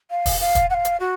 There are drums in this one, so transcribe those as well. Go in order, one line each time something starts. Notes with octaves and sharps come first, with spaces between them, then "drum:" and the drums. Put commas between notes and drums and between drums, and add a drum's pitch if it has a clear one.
F5
drum: kick, open hi-hat
F5
drum: kick, hi-hat
F#5
F5
drum: hi-hat
F#4